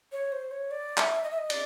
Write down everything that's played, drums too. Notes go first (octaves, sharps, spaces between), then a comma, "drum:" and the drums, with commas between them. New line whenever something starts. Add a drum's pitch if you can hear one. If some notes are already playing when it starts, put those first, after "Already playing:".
C#5
C5
C#5
D5
E5, drum: clap
D#5
E5
D#5
D5, drum: cymbal